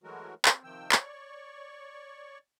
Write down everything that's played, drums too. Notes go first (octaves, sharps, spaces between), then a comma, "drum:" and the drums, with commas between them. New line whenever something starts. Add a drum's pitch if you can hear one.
E3 F#3 G#3 A3 F#4 A#4
C4, drum: clap
C3 D#3 F3 G5 E6
C#5 D5 C#6, drum: clap